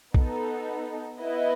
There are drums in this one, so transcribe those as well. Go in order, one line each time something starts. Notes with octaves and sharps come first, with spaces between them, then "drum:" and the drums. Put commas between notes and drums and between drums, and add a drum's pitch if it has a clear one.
B3 D#4 A4, drum: kick A#1
B3 E4 B4 D#5